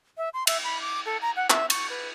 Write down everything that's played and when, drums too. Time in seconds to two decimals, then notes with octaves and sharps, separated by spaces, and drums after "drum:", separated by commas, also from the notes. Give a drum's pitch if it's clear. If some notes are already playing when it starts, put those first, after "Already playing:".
0.17 E5
0.34 C6
0.47 E5, drum: cymbal
0.64 B5
0.82 D6
1.06 A4
1.22 A#5
1.36 F#5
1.50 E5, drum: clap
1.70 C#6, drum: cymbal
1.90 B4